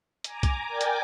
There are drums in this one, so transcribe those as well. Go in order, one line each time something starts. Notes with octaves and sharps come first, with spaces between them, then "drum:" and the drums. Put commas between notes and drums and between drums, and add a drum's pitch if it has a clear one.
G#5 A#5 D6, drum: hi-hat
drum: kick B1, hi-hat
A#4 D5 G5 G#5 D6
drum: hi-hat